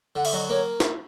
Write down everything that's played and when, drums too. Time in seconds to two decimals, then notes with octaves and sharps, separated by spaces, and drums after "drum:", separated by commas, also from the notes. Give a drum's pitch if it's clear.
0.16 D3 F#5
0.25 E5, drum: cymbal
0.33 F#3 D#5
0.49 A#3 C#5
0.80 drum: snare